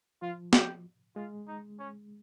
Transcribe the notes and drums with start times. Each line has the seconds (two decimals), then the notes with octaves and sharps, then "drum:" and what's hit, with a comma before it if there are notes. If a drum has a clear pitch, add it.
0.22 F3 F4
0.53 G4, drum: snare
1.16 G#3 F4
1.48 D#4
1.79 C#4